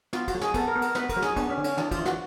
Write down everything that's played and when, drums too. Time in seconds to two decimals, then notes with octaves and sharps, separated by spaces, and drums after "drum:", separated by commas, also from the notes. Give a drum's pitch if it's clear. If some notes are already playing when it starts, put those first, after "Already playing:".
0.13 B3 F4, drum: snare
0.28 F#4, drum: kick, cymbal
0.34 F#3
0.41 G#4, drum: snare
0.54 B3 A4, drum: kick, cymbal
0.68 A#4
0.76 B3
0.82 A#4, drum: cymbal
0.95 B3 B4, drum: snare
1.09 A#4, drum: kick, cymbal
1.16 F#3
1.22 G#4, drum: snare
1.36 B3 D4, drum: kick, cymbal
1.50 C#4
1.57 D3
1.64 C#4, drum: cymbal
1.77 E3 D4, drum: snare
1.91 F4, drum: kick, cymbal
1.98 E3
2.06 F#4, drum: snare